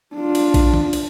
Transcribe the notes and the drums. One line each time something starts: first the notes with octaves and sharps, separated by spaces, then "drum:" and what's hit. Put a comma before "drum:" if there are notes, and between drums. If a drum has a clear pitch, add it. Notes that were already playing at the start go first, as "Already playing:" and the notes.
D4 F4
drum: cymbal
drum: kick A#1, cymbal
drum: tom
drum: cymbal